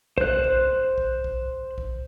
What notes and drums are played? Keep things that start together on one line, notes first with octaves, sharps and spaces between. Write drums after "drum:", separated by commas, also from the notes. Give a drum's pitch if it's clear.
C5 F#6, drum: kick B1
drum: kick B1
drum: kick B1
drum: kick B1
drum: kick B1